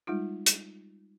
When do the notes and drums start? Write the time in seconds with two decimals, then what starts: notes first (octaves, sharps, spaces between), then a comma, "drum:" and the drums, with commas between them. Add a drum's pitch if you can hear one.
0.07 G3 G#3 D#4 F4
0.46 drum: hi-hat